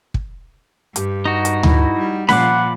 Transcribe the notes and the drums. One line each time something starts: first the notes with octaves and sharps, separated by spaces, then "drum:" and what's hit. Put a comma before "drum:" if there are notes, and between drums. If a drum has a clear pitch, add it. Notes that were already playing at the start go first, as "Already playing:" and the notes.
drum: kick
G2 G4, drum: hi-hat
D#4 F#4
drum: hi-hat
E4, drum: tom D2
G3
A#2 F3 F#5 B5 D6, drum: snare C#4